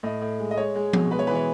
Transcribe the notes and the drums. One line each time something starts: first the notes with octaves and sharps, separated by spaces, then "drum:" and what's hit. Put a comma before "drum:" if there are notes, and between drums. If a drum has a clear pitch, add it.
A2 D#5
A2
G#3
D#5
G#3 C#5
G#3
B2, drum: tom F3
G#3 B4
C#5
E3 B4
C#5